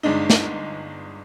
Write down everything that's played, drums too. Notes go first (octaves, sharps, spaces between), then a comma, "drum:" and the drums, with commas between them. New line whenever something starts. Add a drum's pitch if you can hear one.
G1 G#3 D4 D#4
drum: snare